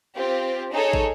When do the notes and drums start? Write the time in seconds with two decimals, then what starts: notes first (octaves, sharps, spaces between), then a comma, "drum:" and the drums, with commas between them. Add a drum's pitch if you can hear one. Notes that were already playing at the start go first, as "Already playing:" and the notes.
0.16 C4 F4 G4
0.72 D#4 G#4 A4 C#5
0.93 drum: kick